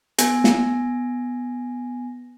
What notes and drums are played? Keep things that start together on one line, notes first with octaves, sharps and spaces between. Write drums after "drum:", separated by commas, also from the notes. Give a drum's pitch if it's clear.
B3 G#5 A#6, drum: hi-hat
drum: snare